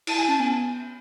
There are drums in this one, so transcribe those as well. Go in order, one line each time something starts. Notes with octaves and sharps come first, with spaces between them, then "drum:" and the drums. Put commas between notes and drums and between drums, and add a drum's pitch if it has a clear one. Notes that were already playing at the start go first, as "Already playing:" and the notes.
E4 A5, drum: cymbal
G#5
C#4 A5
B3 G#5